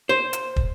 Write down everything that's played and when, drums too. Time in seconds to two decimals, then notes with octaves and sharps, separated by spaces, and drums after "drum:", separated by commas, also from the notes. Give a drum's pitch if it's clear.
0.09 C5
0.33 drum: hi-hat
0.56 drum: kick